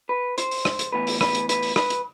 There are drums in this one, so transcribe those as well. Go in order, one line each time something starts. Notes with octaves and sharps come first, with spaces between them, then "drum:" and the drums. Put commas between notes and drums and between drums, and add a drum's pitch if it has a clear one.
B4
C5, drum: hi-hat
drum: open hi-hat
drum: rim click
drum: hi-hat
A2 E3 B3 B4
drum: open hi-hat
B4, drum: rim click
drum: hi-hat
B4, drum: hi-hat
drum: open hi-hat
B4, drum: rim click
drum: hi-hat